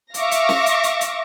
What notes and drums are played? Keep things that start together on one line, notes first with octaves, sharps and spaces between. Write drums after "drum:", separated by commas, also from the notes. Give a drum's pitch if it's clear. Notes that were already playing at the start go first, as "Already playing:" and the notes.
E5 F5 C#6 D6 A#6, drum: hi-hat
drum: hi-hat
drum: snare
drum: hi-hat
drum: hi-hat
drum: hi-hat